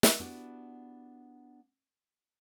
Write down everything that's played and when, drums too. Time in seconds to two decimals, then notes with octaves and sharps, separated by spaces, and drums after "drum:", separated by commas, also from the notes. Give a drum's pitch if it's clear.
0.03 drum: snare
0.20 B3 D4 E4 F#4 G4 B4